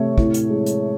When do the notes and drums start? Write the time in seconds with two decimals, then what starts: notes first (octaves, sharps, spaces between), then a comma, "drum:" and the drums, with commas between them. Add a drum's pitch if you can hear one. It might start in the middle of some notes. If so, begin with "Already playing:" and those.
Already playing: C3 A3 C#5
0.18 A2, drum: kick
0.34 drum: hi-hat
0.50 G#3
0.66 drum: hi-hat